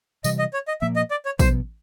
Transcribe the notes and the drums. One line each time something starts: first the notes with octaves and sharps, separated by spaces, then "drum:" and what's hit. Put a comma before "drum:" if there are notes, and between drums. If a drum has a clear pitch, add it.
C3 E3 G3 D#5, drum: tambourine
D#5
C#5
D#5
A#2 F3 A#3 E5
D#5
D5
C#5
B2 F#3 B3 C5, drum: kick, tambourine